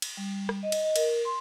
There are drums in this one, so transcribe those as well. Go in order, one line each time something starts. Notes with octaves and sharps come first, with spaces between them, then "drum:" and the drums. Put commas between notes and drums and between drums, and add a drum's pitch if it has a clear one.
drum: cymbal
G3
drum: rim click
D#5
drum: cymbal
D#5
A#4, drum: cymbal
C6